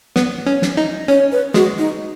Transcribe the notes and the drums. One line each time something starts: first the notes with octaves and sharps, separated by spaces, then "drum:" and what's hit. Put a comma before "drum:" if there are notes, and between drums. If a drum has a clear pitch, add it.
B3, drum: snare
C#4
drum: snare
D#4
C#4 C#5
B4
G#3 F#4, drum: snare
D#4